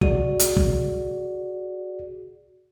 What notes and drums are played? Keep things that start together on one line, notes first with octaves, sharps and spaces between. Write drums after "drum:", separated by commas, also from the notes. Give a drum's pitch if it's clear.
F#4 G#4 D5, drum: kick
drum: hi-hat
drum: kick